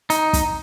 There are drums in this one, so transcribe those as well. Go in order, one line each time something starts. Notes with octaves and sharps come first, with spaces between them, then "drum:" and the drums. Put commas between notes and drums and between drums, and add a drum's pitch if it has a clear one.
D#4, drum: hi-hat
drum: kick, hi-hat